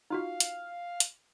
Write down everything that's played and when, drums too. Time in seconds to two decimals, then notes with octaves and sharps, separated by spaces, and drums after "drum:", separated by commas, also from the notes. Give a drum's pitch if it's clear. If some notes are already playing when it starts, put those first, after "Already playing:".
0.10 D#4 F4 F#4 F5
0.40 drum: hi-hat
1.00 drum: hi-hat